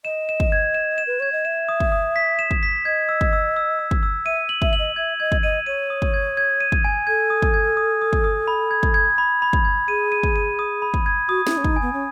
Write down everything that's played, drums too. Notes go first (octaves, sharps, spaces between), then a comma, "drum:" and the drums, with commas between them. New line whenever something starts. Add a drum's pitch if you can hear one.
D#5 E7
E7
drum: kick
G#6
E7
E7
B4
C#5 G#6
D#5
E5 E7
D#6
drum: kick
D#6
B6
E7
drum: kick
B6
D#5 G#6
E6
drum: kick
E6
E6
E6
drum: kick
E6
E5 D#7
F#7
E5, drum: kick
F#7
D#5
E5 G#6
D#5 G#6
drum: kick
D#5 D#7
C#5 D#7
D#6
drum: kick
G#6
G#6
D#7
drum: kick
G#5
A4 G#6
D#6
drum: kick
G#6
D#6
D#6
drum: kick
D#6
B5
G#6
drum: kick
G#6
B5
B5
drum: kick
G#6
G#4 D#7
D#7
drum: kick
D#7
D#6
B5
drum: kick
G#6
F#4 D#6
E4, drum: snare
C#4 D#6
D#4, drum: kick
G#5
B3
C#4